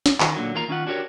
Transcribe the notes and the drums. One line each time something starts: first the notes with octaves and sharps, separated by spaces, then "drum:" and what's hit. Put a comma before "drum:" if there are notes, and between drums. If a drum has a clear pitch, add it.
drum: snare
D#3, drum: clap
A#2 D3 F#3
E2 D#3 A#3 F4 A#4 A#5
D#3 C#4 F4 F#5
D4 F#4 G4 A4 A#4 C#5